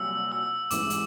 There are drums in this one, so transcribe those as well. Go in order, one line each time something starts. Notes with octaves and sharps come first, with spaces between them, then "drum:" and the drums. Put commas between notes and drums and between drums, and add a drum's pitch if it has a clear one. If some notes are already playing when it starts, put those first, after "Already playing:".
Already playing: C2 A#2 F#3 E6
E6
A1 G#2 E3 G#3 B3 D6, drum: hi-hat
drum: hi-hat